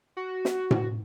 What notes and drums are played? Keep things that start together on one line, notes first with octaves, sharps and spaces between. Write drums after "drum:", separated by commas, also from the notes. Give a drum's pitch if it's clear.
F#4
drum: snare
drum: tom A2